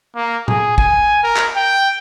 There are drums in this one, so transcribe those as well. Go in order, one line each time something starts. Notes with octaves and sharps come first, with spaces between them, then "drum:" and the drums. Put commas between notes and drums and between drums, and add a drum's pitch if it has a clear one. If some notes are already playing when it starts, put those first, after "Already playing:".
A#3
G#4, drum: tom A2
G#5, drum: kick
A#4
drum: clap
G5